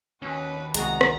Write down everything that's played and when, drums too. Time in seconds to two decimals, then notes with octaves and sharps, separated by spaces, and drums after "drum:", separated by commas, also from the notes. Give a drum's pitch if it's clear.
0.22 D#2 C#4 F#4 B4
0.74 C2 G#3 B3 F#4 A#5 A#6, drum: hi-hat
1.01 drum: rim click